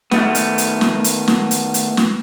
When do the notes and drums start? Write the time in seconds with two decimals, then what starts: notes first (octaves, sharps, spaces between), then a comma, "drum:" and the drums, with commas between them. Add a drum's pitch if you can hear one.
0.11 D#3 A3 B3, drum: snare
0.35 drum: hi-hat
0.58 drum: hi-hat
0.81 drum: snare
1.04 drum: hi-hat
1.28 drum: snare
1.51 drum: hi-hat
1.74 drum: hi-hat
1.97 drum: snare